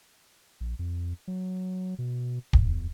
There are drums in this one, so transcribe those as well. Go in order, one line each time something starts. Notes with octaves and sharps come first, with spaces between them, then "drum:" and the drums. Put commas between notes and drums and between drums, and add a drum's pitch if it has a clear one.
A#1
F2
F#3
B2
drum: kick
E2